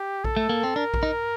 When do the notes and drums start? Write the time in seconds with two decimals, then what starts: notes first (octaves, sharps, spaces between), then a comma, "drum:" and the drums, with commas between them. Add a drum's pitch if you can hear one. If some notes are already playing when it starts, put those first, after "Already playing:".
Already playing: G4
0.24 A4, drum: kick A#1
0.37 A3
0.49 A#3
0.63 C4
0.76 D4 A#4
0.94 drum: kick A#1
1.03 D#4